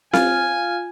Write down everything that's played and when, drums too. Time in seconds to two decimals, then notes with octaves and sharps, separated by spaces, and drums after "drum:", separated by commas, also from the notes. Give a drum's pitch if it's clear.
0.13 F4 G#5, drum: snare C4